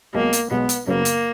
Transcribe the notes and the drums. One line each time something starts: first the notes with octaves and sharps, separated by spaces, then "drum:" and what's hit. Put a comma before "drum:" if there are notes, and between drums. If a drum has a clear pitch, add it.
B1 B2 G#3 A#3
drum: hi-hat
B1 B2 G#3 B3
drum: hi-hat
F#2 C#3 F#3 A#3 B3
drum: hi-hat